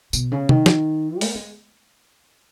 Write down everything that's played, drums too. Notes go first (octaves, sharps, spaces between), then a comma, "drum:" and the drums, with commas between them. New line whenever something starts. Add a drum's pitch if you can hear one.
B2, drum: tambourine
C#3
D#3, drum: tom C3
drum: snare
A#3, drum: open hi-hat
G#3